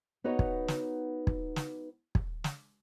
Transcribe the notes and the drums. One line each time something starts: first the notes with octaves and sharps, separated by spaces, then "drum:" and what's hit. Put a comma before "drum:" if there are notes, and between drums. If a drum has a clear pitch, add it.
B3 D#4 F#4 B4 C#5
drum: kick
drum: snare
drum: kick
drum: snare
drum: kick
drum: snare